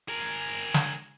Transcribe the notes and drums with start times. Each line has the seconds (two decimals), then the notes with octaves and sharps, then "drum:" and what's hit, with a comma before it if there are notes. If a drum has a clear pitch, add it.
0.08 G#4 A#4
0.74 drum: snare